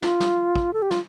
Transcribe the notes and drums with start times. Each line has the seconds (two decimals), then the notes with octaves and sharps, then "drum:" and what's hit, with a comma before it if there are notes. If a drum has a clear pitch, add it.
0.02 F4, drum: snare
0.20 drum: snare
0.56 drum: kick
0.73 A4
0.82 G4
0.91 F4, drum: snare